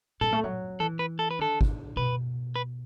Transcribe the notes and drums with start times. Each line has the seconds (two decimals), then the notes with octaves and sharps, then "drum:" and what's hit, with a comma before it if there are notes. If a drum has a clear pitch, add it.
0.21 F#3 A4, drum: tom A#2
0.32 A3
0.44 F#3
0.79 E3 A4
0.99 B4
1.19 A4
1.31 B4
1.39 D3 A4
1.61 drum: kick
1.96 B2 B4
2.56 B4